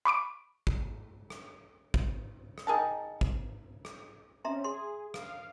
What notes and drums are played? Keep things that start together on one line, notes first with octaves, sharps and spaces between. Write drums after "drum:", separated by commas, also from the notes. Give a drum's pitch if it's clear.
B5 C#6 D6 D7
drum: kick G#1
drum: rim click
drum: kick G#1
drum: rim click
D#3 G#4 A#4 A5
drum: kick G#1
drum: rim click
C4 C#4 E5 A#5 C6
G#4 C6
F5, drum: rim click